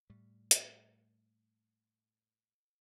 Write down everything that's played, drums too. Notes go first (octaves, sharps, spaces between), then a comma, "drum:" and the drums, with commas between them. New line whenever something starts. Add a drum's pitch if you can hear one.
A2 G3
drum: hi-hat